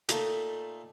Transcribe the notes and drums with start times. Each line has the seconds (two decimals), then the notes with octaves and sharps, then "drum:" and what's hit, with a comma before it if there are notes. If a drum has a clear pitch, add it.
0.09 A#2 A3 D#4, drum: hi-hat